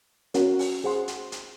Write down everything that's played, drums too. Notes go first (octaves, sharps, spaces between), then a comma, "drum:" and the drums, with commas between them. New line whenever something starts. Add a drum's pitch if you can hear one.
C#4 F#4 A#4 C#5 F#5, drum: hi-hat
drum: open hi-hat
G#4 C5 F#5 C6
drum: hi-hat
drum: hi-hat